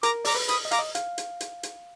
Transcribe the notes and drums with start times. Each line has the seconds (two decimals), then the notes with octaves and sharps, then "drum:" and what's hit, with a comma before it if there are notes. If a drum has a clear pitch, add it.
0.03 A#4 A#5 D6, drum: hi-hat
0.25 D5 A#5 D6, drum: open hi-hat
0.35 B4
0.49 B5 D#6, drum: hi-hat
0.65 D#5
0.71 F5 A#5 D6, drum: hi-hat
0.79 D#5
0.95 F5, drum: hi-hat
1.18 drum: hi-hat
1.40 drum: hi-hat
1.63 drum: hi-hat